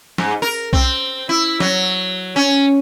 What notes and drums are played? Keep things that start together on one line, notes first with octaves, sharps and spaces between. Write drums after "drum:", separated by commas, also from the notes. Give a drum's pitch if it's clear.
G#2, drum: snare
A#4
C4, drum: kick B1
E4
F#3, drum: snare
C#4